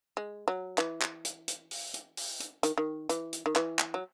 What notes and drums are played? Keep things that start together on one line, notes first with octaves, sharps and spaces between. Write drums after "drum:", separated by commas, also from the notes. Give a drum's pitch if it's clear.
G#3
F#3
E3, drum: clap
drum: clap
drum: hi-hat
drum: hi-hat
drum: open hi-hat
drum: hi-hat
drum: open hi-hat
drum: hi-hat
D#3, drum: hi-hat
D#3
E3, drum: hi-hat
drum: hi-hat
D#3
E3, drum: clap
drum: clap
F#3